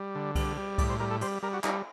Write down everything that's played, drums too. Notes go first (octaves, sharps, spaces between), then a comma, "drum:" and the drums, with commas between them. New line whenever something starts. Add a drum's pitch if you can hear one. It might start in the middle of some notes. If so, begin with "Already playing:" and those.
Already playing: G3
D3
G3, drum: kick C2, cymbal
G3
A2 D5, drum: kick C2, cymbal
C5
G3 A#4
A4
G3 C5, drum: cymbal
G3 A#4
F#4
G3 D#4, drum: clap